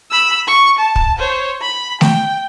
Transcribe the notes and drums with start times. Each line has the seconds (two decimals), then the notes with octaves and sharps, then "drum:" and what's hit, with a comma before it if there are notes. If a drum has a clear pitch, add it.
0.11 B5 E6
0.47 C#6
0.78 A5
0.96 drum: kick
1.19 C5 C#5
1.62 B5
2.01 G5, drum: snare A3